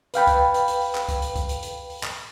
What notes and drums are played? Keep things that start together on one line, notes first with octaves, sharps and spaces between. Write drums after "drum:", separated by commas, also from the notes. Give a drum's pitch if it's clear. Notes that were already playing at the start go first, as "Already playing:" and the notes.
B4 F5 G5 B5, drum: hi-hat
drum: kick C2, hi-hat
drum: hi-hat
drum: hi-hat
drum: open hi-hat
drum: clap
drum: kick C2, hi-hat
drum: hi-hat
drum: kick C2, hi-hat
drum: hi-hat
drum: hi-hat
drum: open hi-hat
drum: clap